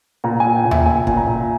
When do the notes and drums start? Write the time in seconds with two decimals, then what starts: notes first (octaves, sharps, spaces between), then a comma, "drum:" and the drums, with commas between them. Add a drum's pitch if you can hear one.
0.24 A#2 A#5
0.40 G#5
0.45 A#2
0.56 G5
0.66 A#2
0.71 E5, drum: tom D#2
0.86 A#2 G#5
1.07 A#2, drum: kick
1.17 A#5
1.27 A#2